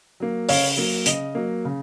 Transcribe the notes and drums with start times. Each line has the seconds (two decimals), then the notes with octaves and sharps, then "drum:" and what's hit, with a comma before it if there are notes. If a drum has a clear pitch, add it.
0.20 F#3 A#3
0.49 C#3 C#5 F5, drum: open hi-hat
0.77 F#3 A#3
1.06 C#3 D#5, drum: hi-hat
1.35 F#3 A#3
1.65 C#3